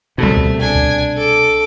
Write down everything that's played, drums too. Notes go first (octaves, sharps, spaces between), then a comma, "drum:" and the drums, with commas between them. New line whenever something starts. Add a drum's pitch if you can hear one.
C2 B2 A3
drum: kick C#2
D4 G#5
drum: kick C#2
A4 D6